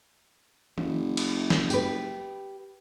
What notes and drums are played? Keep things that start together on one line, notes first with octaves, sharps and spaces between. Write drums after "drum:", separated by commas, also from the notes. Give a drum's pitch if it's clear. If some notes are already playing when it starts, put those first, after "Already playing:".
F#1, drum: tom E3
drum: cymbal
drum: snare
G4 B4, drum: tambourine